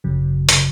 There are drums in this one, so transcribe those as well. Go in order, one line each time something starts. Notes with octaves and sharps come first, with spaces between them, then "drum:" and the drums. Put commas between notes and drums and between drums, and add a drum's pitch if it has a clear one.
G#1 F#2 C#3 F#3
C#3 F#3, drum: hi-hat